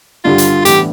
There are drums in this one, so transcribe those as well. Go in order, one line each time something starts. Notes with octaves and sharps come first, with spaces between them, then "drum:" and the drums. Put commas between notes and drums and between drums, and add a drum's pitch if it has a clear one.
G2 D3 G3 F4
drum: hi-hat
A2 E3 B3 D4 G4, drum: hi-hat